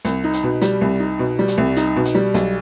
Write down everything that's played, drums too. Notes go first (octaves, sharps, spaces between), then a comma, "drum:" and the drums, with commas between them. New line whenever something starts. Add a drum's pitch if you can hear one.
C2, drum: hi-hat
D#4
drum: hi-hat
B2
G3, drum: hi-hat
C2
D#4
B2
G3
drum: hi-hat
C2
D#4, drum: hi-hat
B2
drum: hi-hat
G3
B1, drum: hi-hat